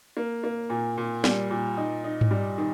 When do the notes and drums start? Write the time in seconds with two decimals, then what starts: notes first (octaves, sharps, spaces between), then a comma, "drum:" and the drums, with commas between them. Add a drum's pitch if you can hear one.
0.17 A#3
0.44 A#3
0.70 A#2
0.98 A#2
1.24 G3, drum: snare
1.51 A#2
1.77 D#4
2.04 D#4
2.21 drum: tom G#2
2.31 G3
2.58 D#3